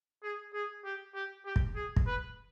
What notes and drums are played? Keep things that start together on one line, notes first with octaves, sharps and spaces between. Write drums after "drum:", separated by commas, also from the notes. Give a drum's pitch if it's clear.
G#4
G#4
G4
G4
G4
drum: kick
G#4
drum: kick
B4